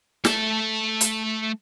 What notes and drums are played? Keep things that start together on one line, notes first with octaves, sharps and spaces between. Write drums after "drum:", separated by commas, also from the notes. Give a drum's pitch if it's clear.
A3 A5, drum: snare
drum: hi-hat